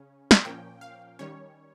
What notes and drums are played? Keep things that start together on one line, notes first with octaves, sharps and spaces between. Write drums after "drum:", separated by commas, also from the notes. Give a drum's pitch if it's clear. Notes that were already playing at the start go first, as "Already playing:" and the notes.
Already playing: C#3 C#4
drum: snare
A#2 F3 A#3 C#4 G5
F5
D#3 G3 C#4 C#5